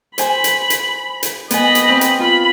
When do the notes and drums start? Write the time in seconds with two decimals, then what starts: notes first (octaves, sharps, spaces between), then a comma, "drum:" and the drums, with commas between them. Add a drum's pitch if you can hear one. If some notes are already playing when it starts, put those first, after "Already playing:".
0.18 C5 G#5 B5, drum: hi-hat
0.44 drum: hi-hat
0.70 drum: hi-hat
1.23 drum: hi-hat
1.51 B3 D#5 G#5 B5, drum: hi-hat
1.75 drum: hi-hat
1.88 C4 B4
2.01 drum: hi-hat
2.20 F4 B5